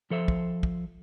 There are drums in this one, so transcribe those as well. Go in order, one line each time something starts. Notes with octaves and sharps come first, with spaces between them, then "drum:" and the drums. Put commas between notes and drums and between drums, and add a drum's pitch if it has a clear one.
F3 A4 C5 E5
drum: kick
drum: kick